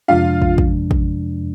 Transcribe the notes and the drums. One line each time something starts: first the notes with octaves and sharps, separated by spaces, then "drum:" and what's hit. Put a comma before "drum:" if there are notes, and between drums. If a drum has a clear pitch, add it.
F2 C3 F3 G#3 D4 F4 F5
drum: kick
drum: kick
drum: kick